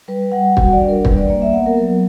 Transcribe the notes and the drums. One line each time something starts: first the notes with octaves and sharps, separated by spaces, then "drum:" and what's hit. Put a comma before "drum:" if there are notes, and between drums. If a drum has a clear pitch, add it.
G3 B4
G3 F#5
F#4 F#5, drum: kick
D5
D4
A#4
G3 B4, drum: kick
D5
A#3 D5
E5
B3 F#5
A#4
F#3 A#4